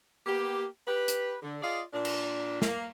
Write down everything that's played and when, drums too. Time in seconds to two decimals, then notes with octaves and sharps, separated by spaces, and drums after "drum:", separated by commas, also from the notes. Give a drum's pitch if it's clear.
0.26 A#3 B3 G4
0.87 G4 B4
1.08 drum: hi-hat
1.42 D3
1.63 F4 G#4 D5 D#5 F5
1.93 A#2 D4
2.05 drum: cymbal
2.62 A#3, drum: snare